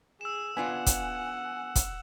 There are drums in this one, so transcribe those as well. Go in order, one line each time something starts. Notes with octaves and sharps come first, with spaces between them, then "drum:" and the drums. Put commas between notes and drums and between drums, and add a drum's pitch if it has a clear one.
G#4 E6 E7
B3 D4 F4 F#5 G#5
drum: kick, hi-hat
drum: kick, hi-hat